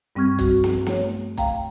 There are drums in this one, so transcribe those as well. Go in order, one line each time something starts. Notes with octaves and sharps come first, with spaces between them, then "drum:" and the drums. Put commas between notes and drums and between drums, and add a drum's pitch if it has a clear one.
G2 G3 C4 C#6 F6 G#6
F#4, drum: kick, hi-hat
drum: snare
A3 C#5, drum: snare
F5 G5 A#5, drum: kick, hi-hat